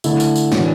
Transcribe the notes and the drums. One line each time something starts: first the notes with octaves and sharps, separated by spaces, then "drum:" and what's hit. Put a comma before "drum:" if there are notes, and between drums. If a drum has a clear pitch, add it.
D3 A3 E4 A4, drum: tambourine
drum: tambourine
drum: tambourine
A2 E3 D4 F#4, drum: snare